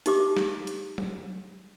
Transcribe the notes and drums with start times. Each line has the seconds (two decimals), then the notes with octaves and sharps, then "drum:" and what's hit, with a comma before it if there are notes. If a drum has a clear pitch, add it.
0.06 D#4 G4 D6, drum: hi-hat
0.37 drum: snare
0.67 drum: hi-hat
0.98 drum: tom F#3